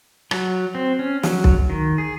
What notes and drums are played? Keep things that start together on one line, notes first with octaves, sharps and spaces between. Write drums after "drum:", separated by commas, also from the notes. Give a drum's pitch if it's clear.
F#3, drum: rim click
C4
C#4
F#3, drum: snare
drum: kick B1
D#3
G#4